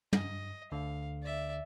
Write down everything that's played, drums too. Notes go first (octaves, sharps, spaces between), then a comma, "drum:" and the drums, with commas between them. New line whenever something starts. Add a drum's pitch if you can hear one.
G2 D#5, drum: tom
D2 D3 F5
D5 E5